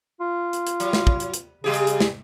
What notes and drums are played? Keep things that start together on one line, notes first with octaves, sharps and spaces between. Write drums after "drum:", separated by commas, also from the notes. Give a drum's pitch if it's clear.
F4
drum: hi-hat
drum: hi-hat
F#3, drum: hi-hat
drum: snare
drum: kick
drum: hi-hat
drum: hi-hat
C#3 G3 G4 G#4
drum: hi-hat
drum: hi-hat
drum: snare